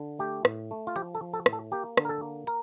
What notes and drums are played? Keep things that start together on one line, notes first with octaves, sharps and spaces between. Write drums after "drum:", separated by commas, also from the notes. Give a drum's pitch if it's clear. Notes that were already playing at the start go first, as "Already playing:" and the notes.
Already playing: D3
A3 G4
A2, drum: rim click
A3
F4
F3 G4, drum: hi-hat
A4
F3
A4
A2, drum: rim click
A4
A#3 G4
D3, drum: rim click
A#4
A4
A#3
A#4, drum: hi-hat